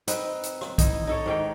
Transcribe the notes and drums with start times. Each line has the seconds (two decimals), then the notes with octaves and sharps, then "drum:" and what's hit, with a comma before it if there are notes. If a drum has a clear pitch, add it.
0.07 C4 D#4 B4, drum: hi-hat
0.43 drum: hi-hat
0.61 drum: rim click
0.78 D#4 E4, drum: kick B1, hi-hat
1.07 D#4 A4 C#5
1.26 G#2 D#3 G5